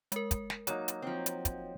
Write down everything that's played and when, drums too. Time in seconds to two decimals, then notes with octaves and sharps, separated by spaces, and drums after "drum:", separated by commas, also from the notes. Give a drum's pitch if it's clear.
0.12 G#3 A#4, drum: hi-hat
0.31 drum: kick, hi-hat
0.50 drum: snare
0.67 F#3 A#3 D#4 C#5, drum: hi-hat
0.88 drum: hi-hat
1.02 F3 C4
1.26 drum: hi-hat
1.45 drum: kick, hi-hat